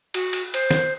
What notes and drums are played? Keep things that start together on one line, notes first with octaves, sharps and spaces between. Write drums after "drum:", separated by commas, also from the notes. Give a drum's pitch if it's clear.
F#4, drum: cymbal
drum: cymbal
C5, drum: cymbal
drum: snare